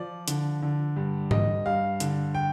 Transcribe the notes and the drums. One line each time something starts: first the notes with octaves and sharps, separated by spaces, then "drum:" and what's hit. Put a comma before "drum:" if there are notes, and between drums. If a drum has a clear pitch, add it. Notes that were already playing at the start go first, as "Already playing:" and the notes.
Already playing: F3 D5
D3, drum: hi-hat
D3
G2
G2 D#5, drum: tom G#2
G2 F5
D3, drum: hi-hat
G5